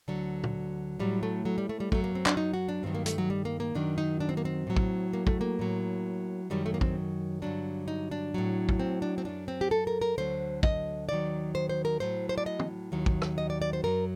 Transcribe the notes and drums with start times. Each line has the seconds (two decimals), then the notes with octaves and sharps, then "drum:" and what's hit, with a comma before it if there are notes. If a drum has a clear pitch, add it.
0.08 D2 D3 F#3
0.44 drum: tom A#2
0.99 A2 F#3 G3
1.23 A3
1.45 F#3
1.58 G3
1.69 A3
1.80 G3
1.92 F#2 F#3 A3, drum: kick
2.04 A#3
2.15 C4
2.26 D4, drum: clap
2.37 D#4
2.54 F#4
2.69 D4
2.83 G2 D#3 F#3 C4
2.95 A#3
3.06 A3, drum: hi-hat
3.18 F#3
3.30 G3
3.45 A#3
3.60 A#3
3.75 F#2 D#3 F#3 D4
3.98 D#4
4.20 D4
4.29 C4
4.37 A#3
4.45 C4
4.67 A2 F#3
4.77 drum: kick
5.13 A#3
5.27 A3, drum: kick
5.41 A#3
5.59 A2 F#3
6.50 F#2 D#3 F#3 G3
6.66 A3
6.74 A#3
6.81 C4, drum: kick
7.42 G2 D3 F#3 D4
7.88 D#4
8.11 D4
8.34 A2 F#3
8.69 drum: kick
8.79 C4
9.02 D4
9.18 C4
9.25 F#2 F#3 D4
9.48 C4
9.61 G4
9.71 A4
9.87 A#4
10.02 A#4
10.18 D2 D3 F#3 C5
10.63 D#5, drum: kick
11.09 D#2 D#3 F#3 D5
11.55 C5
11.69 C5
11.85 A#4
12.00 A2 F#3 C5
12.29 C5
12.38 D5
12.46 D#5
12.60 drum: tom
12.92 D#2 D#3 F#3
13.06 drum: kick
13.22 drum: rim click
13.38 D#5
13.50 D5
13.62 D5
13.73 C5
13.84 F#2 F#3 A#4